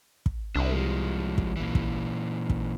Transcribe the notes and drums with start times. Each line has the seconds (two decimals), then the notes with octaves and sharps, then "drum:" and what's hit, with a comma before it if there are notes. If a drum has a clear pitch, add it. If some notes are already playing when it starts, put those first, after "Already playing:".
0.26 drum: kick
0.56 C2 D4 E5
0.71 F3 G#3
1.38 drum: kick
1.56 A#2 E3
1.75 drum: kick
2.50 drum: kick